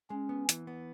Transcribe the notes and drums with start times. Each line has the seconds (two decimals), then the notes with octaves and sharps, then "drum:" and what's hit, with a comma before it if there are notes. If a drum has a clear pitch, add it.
0.10 G#3 C#4
0.29 B3
0.49 E3, drum: hi-hat
0.67 B3